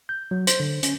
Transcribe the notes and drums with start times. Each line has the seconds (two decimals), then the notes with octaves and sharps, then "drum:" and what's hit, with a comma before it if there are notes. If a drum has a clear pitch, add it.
0.09 G6
0.31 F#3
0.47 C5, drum: hi-hat
0.60 D3
0.83 C#4, drum: hi-hat